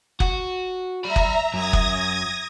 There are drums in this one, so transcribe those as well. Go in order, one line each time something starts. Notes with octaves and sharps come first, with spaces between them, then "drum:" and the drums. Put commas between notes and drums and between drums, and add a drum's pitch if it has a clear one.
F#4, drum: kick F#1
D5 E5 A#5 B5
drum: kick F#1
F#2 D#6 G#6 A#6
drum: kick F#1